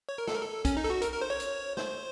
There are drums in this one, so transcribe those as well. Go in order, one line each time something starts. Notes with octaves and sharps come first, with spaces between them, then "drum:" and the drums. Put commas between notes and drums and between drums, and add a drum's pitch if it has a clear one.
C#5
A#4
A4, drum: snare
A#4
A4
C#4, drum: kick, hi-hat
D#4
A4
F#4
A#4, drum: hi-hat
A#4
C5
C#5
drum: hi-hat
C5, drum: snare